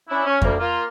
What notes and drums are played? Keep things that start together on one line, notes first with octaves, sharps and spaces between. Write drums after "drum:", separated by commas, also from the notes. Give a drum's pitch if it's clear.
C#4 D4 E4
C#4
D2 G3 A#3, drum: kick F2
A#3 F4